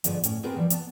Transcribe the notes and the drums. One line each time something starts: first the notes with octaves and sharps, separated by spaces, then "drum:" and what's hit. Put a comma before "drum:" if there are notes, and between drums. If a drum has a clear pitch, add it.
G2 D3 F3 G#3 B3, drum: hi-hat
A2 C#4, drum: hi-hat
B3 C4 G4 G#4 A#4 B4
E3 F3 G3
B3 C#5 A5, drum: hi-hat